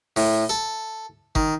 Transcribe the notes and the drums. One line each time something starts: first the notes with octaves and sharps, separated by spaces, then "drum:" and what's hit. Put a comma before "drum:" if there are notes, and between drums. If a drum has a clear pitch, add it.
A2, drum: open hi-hat
A4
D#3, drum: kick G1